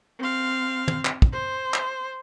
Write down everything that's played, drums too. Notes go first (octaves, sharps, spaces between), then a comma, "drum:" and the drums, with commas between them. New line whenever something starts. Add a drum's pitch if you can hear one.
C4 F5
drum: tom
drum: clap
drum: kick
C5
drum: clap